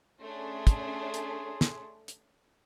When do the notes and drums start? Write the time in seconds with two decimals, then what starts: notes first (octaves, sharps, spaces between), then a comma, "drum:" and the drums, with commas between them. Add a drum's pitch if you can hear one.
0.20 A3 C#4 D4 G#4 C6
0.67 drum: kick, hi-hat
1.14 drum: hi-hat
1.61 drum: snare
2.08 drum: hi-hat